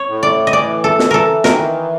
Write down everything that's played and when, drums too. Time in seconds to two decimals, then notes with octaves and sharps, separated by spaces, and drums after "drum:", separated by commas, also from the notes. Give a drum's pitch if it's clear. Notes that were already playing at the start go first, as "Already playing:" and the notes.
Already playing: C#5
0.08 A2
0.23 D5
0.47 D#5
0.53 E3 D5
0.84 A4
0.99 E3, drum: snare
1.11 A4 A#4
1.44 D#3 A#4, drum: snare